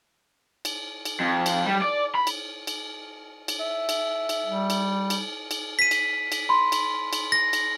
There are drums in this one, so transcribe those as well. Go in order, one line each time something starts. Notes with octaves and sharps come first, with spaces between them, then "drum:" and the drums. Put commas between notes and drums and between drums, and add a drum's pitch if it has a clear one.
drum: cymbal
drum: cymbal
F2
drum: cymbal
G3
D5
B5
drum: cymbal
drum: cymbal
drum: cymbal
E5
drum: cymbal
drum: cymbal
G3
drum: cymbal
drum: cymbal
drum: cymbal
B6 D#7
drum: cymbal
drum: cymbal
B5 C6
drum: cymbal
drum: cymbal
A#6
drum: cymbal